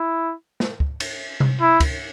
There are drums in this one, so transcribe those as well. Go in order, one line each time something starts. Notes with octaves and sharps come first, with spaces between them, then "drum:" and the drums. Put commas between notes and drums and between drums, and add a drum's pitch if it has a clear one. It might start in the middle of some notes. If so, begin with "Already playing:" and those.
Already playing: E4
drum: snare
drum: kick
drum: cymbal
drum: tom C3
E4
drum: kick, cymbal